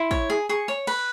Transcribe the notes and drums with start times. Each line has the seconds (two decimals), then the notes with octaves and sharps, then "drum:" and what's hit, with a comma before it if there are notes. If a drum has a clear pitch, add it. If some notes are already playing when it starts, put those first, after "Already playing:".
Already playing: E4 C6
0.11 C#5, drum: kick
0.30 G#4
0.49 G#4 C#6
0.68 C#5
0.87 B4, drum: cymbal